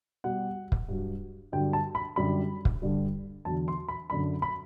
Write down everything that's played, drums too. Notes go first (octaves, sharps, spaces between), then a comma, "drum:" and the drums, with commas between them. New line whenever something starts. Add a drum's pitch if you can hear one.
B2 G3 F#5
drum: kick
G2 F#3
G2 D3 F#3 G5
A5
B5
F#2 D3 G3 B5
drum: kick
G2 D3 G3
E2 D3 F#3 A5
C6
B5
F#2 D3 F#3 B5
B5